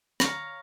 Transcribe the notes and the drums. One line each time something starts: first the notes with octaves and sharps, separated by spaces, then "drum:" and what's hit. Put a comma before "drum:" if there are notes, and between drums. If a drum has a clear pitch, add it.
C#5 F5 A#5, drum: rim click